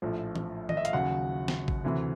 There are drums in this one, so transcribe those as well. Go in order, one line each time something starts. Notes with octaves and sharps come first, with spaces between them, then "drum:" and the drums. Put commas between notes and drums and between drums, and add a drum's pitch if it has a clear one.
A#1 A2 F3
drum: tom E3
D#5, drum: tom D#3
E5
F5, drum: hi-hat
D#2 C#3 F#3 F#5
drum: snare
drum: kick
D2 C3 E3